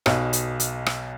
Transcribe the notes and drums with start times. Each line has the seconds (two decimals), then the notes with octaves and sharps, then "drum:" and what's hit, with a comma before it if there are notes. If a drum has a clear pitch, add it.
0.06 B1 B2, drum: rim click
0.33 drum: hi-hat
0.60 drum: hi-hat
0.86 drum: rim click